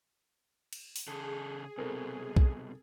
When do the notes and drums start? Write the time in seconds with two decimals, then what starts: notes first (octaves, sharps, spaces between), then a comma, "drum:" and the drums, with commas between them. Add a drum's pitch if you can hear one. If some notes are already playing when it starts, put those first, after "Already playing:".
0.73 drum: cymbal
0.96 drum: open hi-hat
1.07 C#3 G#4 A4
1.78 C2 B2 C4 A4 A#4
2.37 drum: kick B1